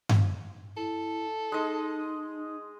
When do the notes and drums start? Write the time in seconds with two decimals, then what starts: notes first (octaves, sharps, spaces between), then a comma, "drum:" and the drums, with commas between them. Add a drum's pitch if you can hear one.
0.09 drum: tom G2
0.77 E4 A4
1.52 G#3 D#4 D#5